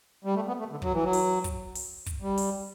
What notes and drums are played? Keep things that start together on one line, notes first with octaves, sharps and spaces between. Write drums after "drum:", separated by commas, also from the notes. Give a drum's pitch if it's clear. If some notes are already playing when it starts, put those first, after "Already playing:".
G3
A3
B3
A3
D3
F#3, drum: kick
E3
F#3
drum: open hi-hat
drum: kick, hi-hat
drum: open hi-hat
drum: kick, hi-hat
G3
drum: open hi-hat